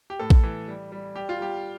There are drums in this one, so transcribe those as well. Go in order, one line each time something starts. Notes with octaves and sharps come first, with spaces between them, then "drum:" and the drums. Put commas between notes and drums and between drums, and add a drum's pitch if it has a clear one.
G4
A2 A4
drum: kick A#1
E3
G3
G3
G3 G4
F4
G3 G4